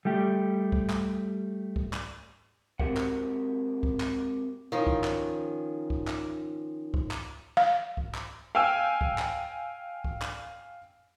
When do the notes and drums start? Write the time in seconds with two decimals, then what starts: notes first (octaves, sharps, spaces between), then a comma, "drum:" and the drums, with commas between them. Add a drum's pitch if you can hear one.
0.05 G3 A3 G4
0.72 drum: kick C2
0.90 drum: clap
1.76 drum: kick C2
1.93 drum: clap
2.79 G#3 C4 F#4 G4 A#4 F#5, drum: kick C2
2.97 drum: clap
3.83 drum: kick C2
4.00 drum: clap
4.72 D#3 F3 C#4
4.87 drum: kick C2
5.04 drum: clap
5.90 drum: kick C2
6.07 drum: clap
6.94 drum: kick C2
7.11 drum: clap
7.57 F5
7.97 drum: kick C2
8.15 drum: clap
8.55 F5 G5 G#5 E6
9.01 drum: kick C2
9.18 drum: clap
10.04 drum: kick C2
10.22 drum: clap